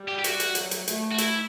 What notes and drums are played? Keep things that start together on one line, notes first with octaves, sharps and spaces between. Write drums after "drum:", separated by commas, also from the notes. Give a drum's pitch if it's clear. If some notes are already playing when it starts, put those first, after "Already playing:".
Already playing: G3
G4
G4
F#4, drum: hi-hat
drum: hi-hat
F#3, drum: hi-hat
drum: hi-hat
A3, drum: hi-hat
F#4
E4, drum: hi-hat